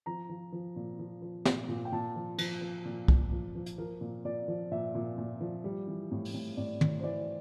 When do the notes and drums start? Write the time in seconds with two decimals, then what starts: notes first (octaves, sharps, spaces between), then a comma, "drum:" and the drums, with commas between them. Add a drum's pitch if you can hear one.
0.06 F3 A#5
0.30 F3
0.52 F3
0.76 A#2
0.99 F3
1.22 F3
1.45 A#2, drum: snare
1.69 A#2
1.85 G5
1.92 A#2 A5
2.16 F3
2.38 F3, drum: cymbal
2.61 F3
2.85 A#2
3.08 A#2, drum: kick
3.32 F3
3.55 F3
3.66 drum: hi-hat
3.78 F3 A#4
4.01 A#2
4.25 A#2 D5
4.48 F3
4.71 A#2 E5
4.95 A#2
5.18 A#2
5.41 F3
5.64 G3
5.87 E3
6.11 A2
6.25 drum: open hi-hat
6.34 A2
6.57 A2 D5
6.81 A2, drum: tom
7.00 C5
7.03 E3 D5